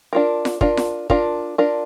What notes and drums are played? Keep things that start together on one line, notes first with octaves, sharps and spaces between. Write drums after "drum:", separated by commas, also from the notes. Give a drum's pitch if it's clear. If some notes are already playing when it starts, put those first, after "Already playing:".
D4 F4 A#4
drum: snare F4
D4 F4 A#4, drum: kick
drum: snare F4
D4 F4 A#4, drum: kick
D4 F4 A#4